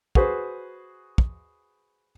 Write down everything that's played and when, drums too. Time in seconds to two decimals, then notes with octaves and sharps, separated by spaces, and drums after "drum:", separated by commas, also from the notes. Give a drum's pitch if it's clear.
0.15 F#4 G#4 B4 C5, drum: kick
1.18 drum: kick